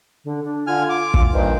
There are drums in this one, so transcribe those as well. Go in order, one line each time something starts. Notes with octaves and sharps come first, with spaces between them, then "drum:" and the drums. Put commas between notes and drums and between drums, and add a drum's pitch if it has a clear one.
D3
D4
D3 F4 G#5 F6
D6
drum: kick
G2 A#2 D#3 C5